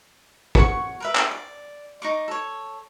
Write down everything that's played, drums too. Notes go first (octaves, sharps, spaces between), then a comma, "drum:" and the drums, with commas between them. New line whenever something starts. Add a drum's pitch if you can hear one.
C#5 F#5 C#6, drum: kick
A#4 B4 E5
drum: clap
D5
D#4 C#6 D6
A4 C#5